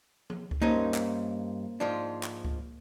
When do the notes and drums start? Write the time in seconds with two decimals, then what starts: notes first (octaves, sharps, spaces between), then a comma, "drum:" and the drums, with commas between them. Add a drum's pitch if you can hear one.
0.30 drum: tom F3
0.51 drum: kick C#2
0.62 G2 A#3 C#4 D#4 C5
0.94 drum: clap
1.80 G#2 F3 D4
2.23 drum: clap
2.45 drum: kick C#2